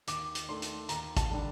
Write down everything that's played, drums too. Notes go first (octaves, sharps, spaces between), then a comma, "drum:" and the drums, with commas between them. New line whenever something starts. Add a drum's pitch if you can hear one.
D#2 D6, drum: hi-hat
drum: hi-hat
D#3 A3 D4 C6
drum: hi-hat
D#2 A#5, drum: hi-hat
A5, drum: kick, hi-hat
D3 G3 D4